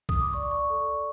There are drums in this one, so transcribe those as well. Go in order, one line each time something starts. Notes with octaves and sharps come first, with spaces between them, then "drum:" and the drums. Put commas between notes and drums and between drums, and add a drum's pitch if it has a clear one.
D#6, drum: kick
D6
D5 C#6
D5 C#6
A4
D5